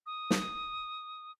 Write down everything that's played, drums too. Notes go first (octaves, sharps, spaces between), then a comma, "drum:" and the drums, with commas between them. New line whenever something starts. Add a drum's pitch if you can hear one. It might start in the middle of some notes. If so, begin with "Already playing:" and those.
D#6
drum: snare